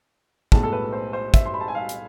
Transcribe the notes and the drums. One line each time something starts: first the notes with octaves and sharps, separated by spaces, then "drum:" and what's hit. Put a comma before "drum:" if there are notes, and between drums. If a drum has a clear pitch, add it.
B1 A2 G#3 A5, drum: kick
A4
B4
C5
C5
E5, drum: kick, hi-hat
C6
B5
A5
G#5
F5
drum: hi-hat